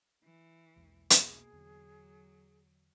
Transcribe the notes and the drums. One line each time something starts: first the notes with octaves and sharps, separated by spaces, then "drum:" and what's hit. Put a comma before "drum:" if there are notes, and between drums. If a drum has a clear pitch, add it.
E3
B1 E2 G#3
B2 A#3 G#4, drum: hi-hat
E2 D3 F#3